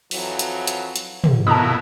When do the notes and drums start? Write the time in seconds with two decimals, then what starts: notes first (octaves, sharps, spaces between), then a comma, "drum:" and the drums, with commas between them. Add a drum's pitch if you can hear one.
0.11 F2 E3 F#3, drum: open hi-hat
0.39 drum: hi-hat
0.67 drum: hi-hat
0.96 drum: hi-hat
1.24 drum: tom
1.47 F2 B2 E4 A#4 D#5 A5 A#5 D#6